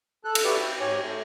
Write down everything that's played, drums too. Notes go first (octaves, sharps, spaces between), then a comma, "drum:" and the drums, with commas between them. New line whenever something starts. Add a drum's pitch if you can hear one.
A4 F#6
drum: cymbal
F#4 G4 B4 D5 E5
G5
G#2 G4 C#5 G#5
A3